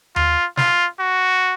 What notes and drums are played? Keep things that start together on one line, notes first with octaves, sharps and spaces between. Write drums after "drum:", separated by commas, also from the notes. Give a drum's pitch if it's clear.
F4, drum: tom D#2
F4, drum: snare
F#4